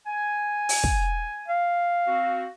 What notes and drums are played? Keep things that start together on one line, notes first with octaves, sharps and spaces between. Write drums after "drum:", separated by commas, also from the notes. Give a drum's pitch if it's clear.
G#5
drum: open hi-hat
drum: kick
F5
C4 F#4